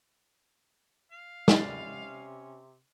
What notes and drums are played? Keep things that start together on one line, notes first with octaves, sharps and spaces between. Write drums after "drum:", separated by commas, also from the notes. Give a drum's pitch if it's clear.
F5
C3 C#4 B4 D5, drum: snare